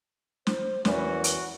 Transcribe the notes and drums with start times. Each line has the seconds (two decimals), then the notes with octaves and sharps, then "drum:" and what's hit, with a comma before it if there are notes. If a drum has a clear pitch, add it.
0.47 C5, drum: snare
0.85 E2 E3 C#4 F#4 A#4, drum: snare
1.24 drum: hi-hat